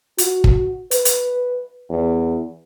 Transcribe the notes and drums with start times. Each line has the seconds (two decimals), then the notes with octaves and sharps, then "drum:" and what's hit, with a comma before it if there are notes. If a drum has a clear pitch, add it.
0.18 F#4, drum: hi-hat
0.44 drum: kick
0.91 B4, drum: hi-hat
1.05 drum: hi-hat
1.90 E2